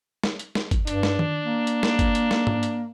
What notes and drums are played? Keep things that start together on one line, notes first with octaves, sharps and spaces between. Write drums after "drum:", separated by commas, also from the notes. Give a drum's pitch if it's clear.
drum: snare
drum: hi-hat
drum: snare
drum: kick, hi-hat
G2 D4, drum: hi-hat
drum: snare
drum: tom D#3
A#3
drum: hi-hat
drum: snare
drum: kick, hi-hat
drum: hi-hat
drum: snare
drum: tom G#2
drum: hi-hat